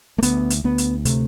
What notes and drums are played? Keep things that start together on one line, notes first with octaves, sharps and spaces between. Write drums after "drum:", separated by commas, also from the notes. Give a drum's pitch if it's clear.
A3
D2 B3, drum: hi-hat
drum: hi-hat
D2 B3
drum: hi-hat
C3 A3, drum: hi-hat